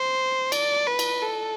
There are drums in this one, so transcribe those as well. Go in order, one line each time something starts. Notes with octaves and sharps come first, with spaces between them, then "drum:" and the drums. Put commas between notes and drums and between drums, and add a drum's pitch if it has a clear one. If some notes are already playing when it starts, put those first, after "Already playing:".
Already playing: C5
D5, drum: cymbal
B4
drum: cymbal
A4